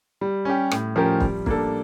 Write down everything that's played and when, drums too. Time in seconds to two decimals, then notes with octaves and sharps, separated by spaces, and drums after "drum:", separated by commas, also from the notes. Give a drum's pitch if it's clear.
0.21 G3
0.45 C#4 G4
0.71 A2, drum: rim click
0.96 F3 C#4 G4 A#4
1.21 G3, drum: kick
1.46 A#3 D4 A4, drum: kick